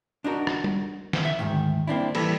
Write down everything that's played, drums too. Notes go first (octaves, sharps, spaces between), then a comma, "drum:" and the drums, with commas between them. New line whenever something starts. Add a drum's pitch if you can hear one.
D4 D#4 F#4 A#4
drum: rim click
drum: tom
drum: snare
E5
D2 G#2 D#3
A#3 C4 D4 E4
E3 G3 A#3 A4 B4, drum: cymbal